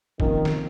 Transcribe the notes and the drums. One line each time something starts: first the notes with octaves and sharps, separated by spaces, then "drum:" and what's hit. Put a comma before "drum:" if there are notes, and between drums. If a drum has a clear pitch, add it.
C3 D#3 F3 A#3 C#4, drum: kick
drum: snare